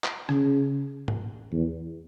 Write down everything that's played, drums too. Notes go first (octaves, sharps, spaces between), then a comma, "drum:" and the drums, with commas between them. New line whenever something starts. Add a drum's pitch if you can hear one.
drum: clap
C#3, drum: rim click
drum: tom G#2
E2